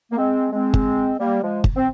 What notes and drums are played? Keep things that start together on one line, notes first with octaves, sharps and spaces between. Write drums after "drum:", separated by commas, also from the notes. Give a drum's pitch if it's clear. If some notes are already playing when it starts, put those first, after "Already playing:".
A#3
G#3 C4
G#3 C4
drum: kick
G3 A#3
F3 G#3
drum: kick
C4